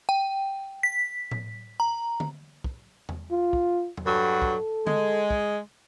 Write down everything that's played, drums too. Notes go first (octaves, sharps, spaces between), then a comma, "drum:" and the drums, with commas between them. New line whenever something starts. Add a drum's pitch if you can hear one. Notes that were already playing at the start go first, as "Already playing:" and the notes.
G5
B6
drum: tom A2
A#5
drum: tom D3
drum: kick
drum: tom E2
F4
drum: kick
drum: tom E2
G2 F#3 A4
drum: kick
G#3, drum: tom D3
drum: kick